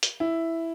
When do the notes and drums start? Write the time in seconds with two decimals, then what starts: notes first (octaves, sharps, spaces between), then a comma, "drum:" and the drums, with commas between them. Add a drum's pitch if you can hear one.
0.03 drum: hi-hat
0.20 E4